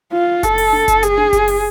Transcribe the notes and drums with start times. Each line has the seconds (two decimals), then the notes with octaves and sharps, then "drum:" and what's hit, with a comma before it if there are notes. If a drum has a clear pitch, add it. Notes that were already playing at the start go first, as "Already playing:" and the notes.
0.12 F4
0.43 A4, drum: kick F#1, hi-hat
0.58 drum: open hi-hat
0.73 drum: tom D4
0.88 drum: kick F#1, hi-hat
1.03 G#4, drum: hi-hat
1.18 drum: tom D4
1.33 drum: kick F#1, hi-hat
1.48 drum: open hi-hat